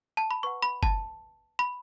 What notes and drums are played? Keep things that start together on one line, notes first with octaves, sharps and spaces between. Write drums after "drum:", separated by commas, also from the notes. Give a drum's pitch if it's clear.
A5
B5
B4 F#5 C#6
B5
A5, drum: kick F#1
B5